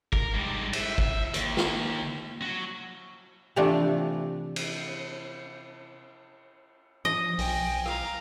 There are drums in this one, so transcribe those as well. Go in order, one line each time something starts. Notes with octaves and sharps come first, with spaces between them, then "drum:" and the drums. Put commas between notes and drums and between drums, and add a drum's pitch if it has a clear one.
A#4, drum: kick
G#2 G3
E5, drum: cymbal
drum: kick
D#2, drum: hi-hat
drum: snare
F#3 F#4
C3 E3 F3 A3 D4
drum: cymbal
F3 D#5
B1 G5 G#5, drum: open hi-hat
F5 A#5, drum: rim click